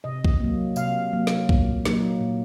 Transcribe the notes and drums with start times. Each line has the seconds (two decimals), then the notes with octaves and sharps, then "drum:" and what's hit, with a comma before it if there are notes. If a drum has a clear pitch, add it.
0.04 C3 D#5
0.25 drum: kick B1
0.40 F#3 A#3
0.76 C3 F5, drum: tambourine
1.13 F#3 A#3
1.27 drum: snare
1.49 A#2, drum: kick B1
1.85 F#3 A#3 D#4, drum: snare
2.21 A#2